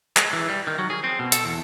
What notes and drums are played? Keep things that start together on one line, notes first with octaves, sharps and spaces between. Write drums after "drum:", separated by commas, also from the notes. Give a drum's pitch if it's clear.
G#3, drum: clap
E3
G3
D#3
F#3
G#4
C4
B2
A4, drum: hi-hat
E2